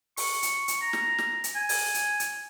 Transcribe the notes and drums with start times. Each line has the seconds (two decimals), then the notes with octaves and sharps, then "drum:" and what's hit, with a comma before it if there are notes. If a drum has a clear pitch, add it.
0.17 C#6, drum: open hi-hat
0.43 drum: hi-hat
0.68 drum: hi-hat
0.81 A#5
0.93 drum: snare
1.18 drum: snare
1.44 drum: hi-hat
1.55 G#5
1.69 drum: open hi-hat
1.94 drum: hi-hat
2.20 drum: hi-hat